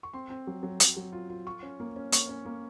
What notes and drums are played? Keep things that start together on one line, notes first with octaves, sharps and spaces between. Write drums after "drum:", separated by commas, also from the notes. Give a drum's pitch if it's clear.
C#6
C4 C6
C4
F#3
F#3
F#3, drum: hi-hat
F#3
F4
F4
F4 C#6
C#4
A#3
C#4
A#3 C#6, drum: hi-hat
C#4
A#3